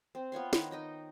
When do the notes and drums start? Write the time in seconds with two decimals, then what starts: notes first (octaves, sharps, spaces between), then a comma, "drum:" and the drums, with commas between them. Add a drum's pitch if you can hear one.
0.15 C4
0.32 B3 F4 C#5 C6
0.53 D#3, drum: snare
0.71 D#4 D#5 G5